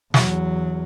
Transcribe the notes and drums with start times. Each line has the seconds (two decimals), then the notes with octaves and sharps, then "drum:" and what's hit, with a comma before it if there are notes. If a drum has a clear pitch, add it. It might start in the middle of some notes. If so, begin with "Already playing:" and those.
0.14 E2 F#3, drum: snare